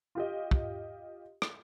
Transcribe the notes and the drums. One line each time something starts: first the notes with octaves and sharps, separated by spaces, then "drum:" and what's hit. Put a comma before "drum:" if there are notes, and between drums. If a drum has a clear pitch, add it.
F4 G4 D#5
drum: kick
drum: rim click